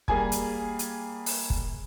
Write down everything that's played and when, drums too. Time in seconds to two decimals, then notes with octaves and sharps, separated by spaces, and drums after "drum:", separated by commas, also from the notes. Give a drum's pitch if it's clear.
0.08 G3 A#3 G#4 G#5 G#6, drum: kick
0.32 drum: hi-hat
0.79 drum: hi-hat
1.26 drum: open hi-hat
1.50 drum: kick